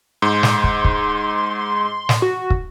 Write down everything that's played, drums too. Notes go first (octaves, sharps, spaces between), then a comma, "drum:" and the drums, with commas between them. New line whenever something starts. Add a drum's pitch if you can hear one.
G#2 C6
drum: snare
drum: kick
drum: kick
drum: snare
F#4
drum: kick